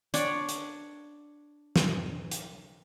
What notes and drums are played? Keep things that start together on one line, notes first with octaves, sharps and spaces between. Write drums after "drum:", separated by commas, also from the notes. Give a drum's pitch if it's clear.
D4 C#5 D5, drum: hi-hat
drum: hi-hat
drum: snare
drum: hi-hat